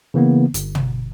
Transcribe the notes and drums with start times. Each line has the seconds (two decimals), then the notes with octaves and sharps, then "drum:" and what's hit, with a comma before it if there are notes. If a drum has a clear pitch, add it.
0.14 C#3 E3 A#3 B3
0.54 G1, drum: hi-hat
0.75 drum: tom